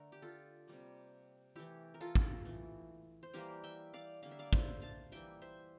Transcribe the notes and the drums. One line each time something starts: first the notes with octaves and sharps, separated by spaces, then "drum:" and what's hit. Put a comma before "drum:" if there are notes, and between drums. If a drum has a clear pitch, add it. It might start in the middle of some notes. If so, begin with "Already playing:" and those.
Already playing: D3 A3 A#4
G4
F4 A4
C3 G3 A#3
E3 A3 E4 G4
A#4
F4 A4
drum: kick
E3 A3
C5
E3 G3 A#3 G4 A#4
E5 G5
D5 F5
D3 G3 A#3 F5
E5
D5 F5
C5 E5, drum: kick
F5 A5
E3 G3 A#3 E5 G5
C5 E5